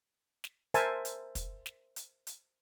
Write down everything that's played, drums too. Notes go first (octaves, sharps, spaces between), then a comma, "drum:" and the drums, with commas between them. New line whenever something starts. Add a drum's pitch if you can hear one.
drum: snare
A#4 C5 E5 G#5 A5, drum: hi-hat
drum: hi-hat
drum: kick, hi-hat
drum: snare
drum: hi-hat
drum: hi-hat